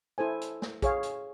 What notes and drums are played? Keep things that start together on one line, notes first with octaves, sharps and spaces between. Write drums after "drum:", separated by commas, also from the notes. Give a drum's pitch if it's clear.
E4 A4 C5 G#5
drum: hi-hat
drum: snare
G#4 C#5 F5, drum: kick, hi-hat
drum: hi-hat